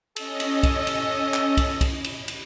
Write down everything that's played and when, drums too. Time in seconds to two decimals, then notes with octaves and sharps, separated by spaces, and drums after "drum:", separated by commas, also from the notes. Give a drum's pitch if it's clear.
0.16 C#4 A4 D#5, drum: cymbal
0.40 drum: cymbal
0.63 drum: kick, cymbal
0.87 drum: cymbal
1.34 drum: clap
1.57 drum: kick, cymbal
1.81 drum: kick, cymbal
2.04 drum: cymbal
2.28 drum: cymbal